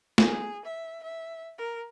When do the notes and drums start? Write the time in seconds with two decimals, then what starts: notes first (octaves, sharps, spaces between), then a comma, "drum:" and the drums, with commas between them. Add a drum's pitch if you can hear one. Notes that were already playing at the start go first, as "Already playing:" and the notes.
0.18 G#4, drum: snare
0.65 E5
1.04 E5
1.58 A#4